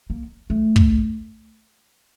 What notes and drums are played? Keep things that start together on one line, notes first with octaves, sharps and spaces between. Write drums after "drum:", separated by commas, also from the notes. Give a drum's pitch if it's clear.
A#3
A3
drum: kick